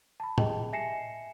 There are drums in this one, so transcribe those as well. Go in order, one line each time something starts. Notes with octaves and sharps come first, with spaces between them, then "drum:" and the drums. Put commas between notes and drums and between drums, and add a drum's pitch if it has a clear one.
A5 B5
G4 G#4 D#5 G5 A5, drum: tom A2
E5 G#5 A#6 C7 C#7 E7